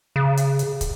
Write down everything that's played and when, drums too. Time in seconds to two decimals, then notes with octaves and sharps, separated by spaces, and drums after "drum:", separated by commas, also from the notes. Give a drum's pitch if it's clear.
0.16 C#3
0.37 drum: hi-hat
0.59 drum: hi-hat
0.81 drum: kick, hi-hat